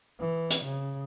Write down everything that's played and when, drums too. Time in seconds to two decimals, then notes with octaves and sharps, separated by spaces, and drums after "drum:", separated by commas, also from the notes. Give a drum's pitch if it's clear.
0.20 E3
0.50 drum: hi-hat
0.63 C#3